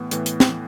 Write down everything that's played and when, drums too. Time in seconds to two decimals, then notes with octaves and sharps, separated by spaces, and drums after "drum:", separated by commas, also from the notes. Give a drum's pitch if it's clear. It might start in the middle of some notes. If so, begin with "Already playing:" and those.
Already playing: A2 E3 B3
0.11 A2 E3 B3, drum: hi-hat
0.26 drum: hi-hat
0.40 drum: snare